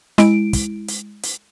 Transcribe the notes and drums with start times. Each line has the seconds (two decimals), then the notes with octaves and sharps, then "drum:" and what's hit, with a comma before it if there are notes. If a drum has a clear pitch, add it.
0.18 G#3 E4 D7, drum: snare
0.53 drum: kick, hi-hat
0.88 drum: hi-hat
1.23 drum: hi-hat